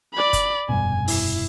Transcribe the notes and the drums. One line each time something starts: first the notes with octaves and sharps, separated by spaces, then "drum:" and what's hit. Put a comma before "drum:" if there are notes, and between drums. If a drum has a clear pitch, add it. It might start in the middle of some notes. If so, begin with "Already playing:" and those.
D5 B5
drum: kick, hi-hat
F1 G2 B2 G#5
E4, drum: open hi-hat